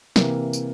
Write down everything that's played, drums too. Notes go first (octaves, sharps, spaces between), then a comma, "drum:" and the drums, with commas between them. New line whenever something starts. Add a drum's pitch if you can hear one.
C3 E3 A#3, drum: snare
drum: tambourine